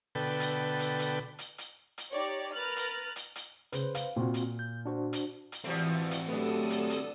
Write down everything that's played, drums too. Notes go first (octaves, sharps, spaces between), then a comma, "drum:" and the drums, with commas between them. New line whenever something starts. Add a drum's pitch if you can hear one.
B2 D3 A4 B4 G5
drum: hi-hat
drum: hi-hat
drum: hi-hat
drum: hi-hat
drum: hi-hat
drum: hi-hat
D#4 G4 C#5 D5
A#4 B4 F6 F#6 A6
drum: hi-hat
drum: hi-hat
drum: hi-hat
C#3 B4 C5, drum: hi-hat
F5, drum: hi-hat
A#2 C4 F4 F#4
drum: hi-hat
G6
D4 F#4 C5
drum: hi-hat
drum: hi-hat
E3 F3 G3 A3 C4 F#4
drum: hi-hat
F#3 A3 B3 D4 G4 A4 D#6 E6
drum: hi-hat
drum: hi-hat